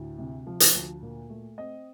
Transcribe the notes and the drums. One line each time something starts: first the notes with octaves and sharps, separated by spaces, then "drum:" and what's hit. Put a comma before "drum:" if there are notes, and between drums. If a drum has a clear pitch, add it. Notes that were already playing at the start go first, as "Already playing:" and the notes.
Already playing: D2 A2
C3
F3
drum: hi-hat
D2
A#2
A3
C4 D#5